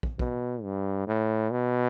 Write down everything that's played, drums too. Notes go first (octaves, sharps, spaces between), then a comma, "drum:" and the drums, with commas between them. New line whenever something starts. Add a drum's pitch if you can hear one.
drum: kick
B2, drum: kick
G2
A2
B2